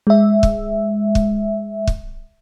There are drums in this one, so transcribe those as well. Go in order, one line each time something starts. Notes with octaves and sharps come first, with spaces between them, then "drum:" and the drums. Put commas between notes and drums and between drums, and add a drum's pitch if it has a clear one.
G#3 E5
drum: kick
drum: kick
drum: kick